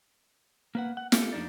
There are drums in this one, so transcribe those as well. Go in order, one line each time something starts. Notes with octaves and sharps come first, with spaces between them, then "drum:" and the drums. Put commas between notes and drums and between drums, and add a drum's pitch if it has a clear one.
A#3 B4 F#5
F#5
F4 G4 A4, drum: snare
F2 B3 D4 D#4 D5